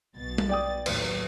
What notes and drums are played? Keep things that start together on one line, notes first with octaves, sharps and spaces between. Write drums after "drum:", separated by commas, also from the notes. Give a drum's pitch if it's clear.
B1 B2 A6
drum: tom G3
D5 G5 D#6
D#2 A2 F#3, drum: cymbal